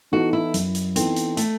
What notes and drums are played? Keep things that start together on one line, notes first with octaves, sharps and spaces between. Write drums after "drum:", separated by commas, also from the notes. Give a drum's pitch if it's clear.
E3 B3 D#4 F#4 A4
E4
F#2, drum: hi-hat
drum: hi-hat
E3 B3 C4 D#4 A4, drum: hi-hat
drum: hi-hat
A3, drum: hi-hat